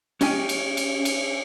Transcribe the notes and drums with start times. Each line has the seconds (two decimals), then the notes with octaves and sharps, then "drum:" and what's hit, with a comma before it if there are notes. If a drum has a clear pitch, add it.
0.21 C#4 G4 D#5 G5 G#5, drum: cymbal
0.49 drum: cymbal
0.77 drum: cymbal
1.05 drum: cymbal